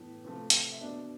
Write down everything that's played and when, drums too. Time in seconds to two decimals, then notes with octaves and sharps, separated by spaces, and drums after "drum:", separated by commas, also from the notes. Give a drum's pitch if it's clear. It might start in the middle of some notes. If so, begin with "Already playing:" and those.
Already playing: A2 E3 B3
0.25 C3 F3 A3
0.50 drum: hi-hat
0.72 E5
0.81 B2 B3 D4 D5